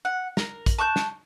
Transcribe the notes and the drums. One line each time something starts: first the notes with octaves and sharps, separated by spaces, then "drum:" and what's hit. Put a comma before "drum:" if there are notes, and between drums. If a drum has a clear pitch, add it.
F#5
A#4, drum: snare
drum: kick, hi-hat
A5 C#6 F#6 G6
drum: snare